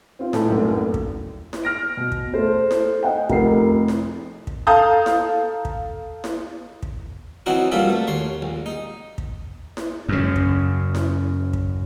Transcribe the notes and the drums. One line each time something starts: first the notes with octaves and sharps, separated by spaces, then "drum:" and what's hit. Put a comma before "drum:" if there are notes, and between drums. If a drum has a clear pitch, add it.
C4 F4
A2 G#3 B3 A5, drum: snare E4
F1 B1 F#2 A2 A#3
drum: kick
drum: snare E4
F6 A#6 D7
B2
drum: kick
A3 A4 C5
drum: snare E4
D#5 F#5 G5
F1 A#4 C7, drum: kick
drum: snare E4
drum: kick
A4 F5 A5 A#5 D#6 G6
drum: snare E4
drum: kick
drum: snare E4
drum: kick
E3 F#3 C4 D#4 E4 F#4
G2 F3 A#3 F4 E5 B5
A3
D#2 C#5 C6
A#1
D#4
drum: kick
drum: snare E4
F#2 C#3
drum: kick
drum: snare E4
drum: kick